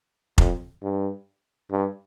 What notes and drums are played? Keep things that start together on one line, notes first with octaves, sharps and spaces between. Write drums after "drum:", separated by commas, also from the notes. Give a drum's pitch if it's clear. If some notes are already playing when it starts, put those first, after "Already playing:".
F2, drum: kick F1
G2
G2